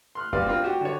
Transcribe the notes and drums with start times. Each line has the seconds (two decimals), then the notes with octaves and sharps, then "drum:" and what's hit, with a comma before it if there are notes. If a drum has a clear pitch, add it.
0.15 C6 F6 F#6
0.33 G3 A#3 C4 B4 D5 F5, drum: kick F2
0.47 C4 D4 F4 A#4
0.64 F#4 G4
0.81 D3 C#5